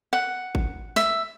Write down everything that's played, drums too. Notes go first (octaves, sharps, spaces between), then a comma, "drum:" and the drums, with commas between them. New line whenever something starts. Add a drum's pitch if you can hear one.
F#5
drum: kick G#1
E5, drum: snare